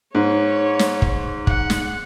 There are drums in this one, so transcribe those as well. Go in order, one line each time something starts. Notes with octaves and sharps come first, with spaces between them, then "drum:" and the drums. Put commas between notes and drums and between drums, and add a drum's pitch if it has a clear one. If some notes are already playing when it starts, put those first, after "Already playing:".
G#2 C#5
drum: snare
drum: kick
F#5, drum: kick
drum: snare